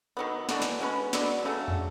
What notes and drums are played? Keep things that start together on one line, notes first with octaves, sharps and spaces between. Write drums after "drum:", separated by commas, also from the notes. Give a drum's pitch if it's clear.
D#3 F#3 B3
E3 A3 D4 F#4, drum: snare
drum: snare
G#3 C#4 F#4 B4
F#3 B3 D4, drum: snare
C#3 F#3 A3 C#4
drum: tom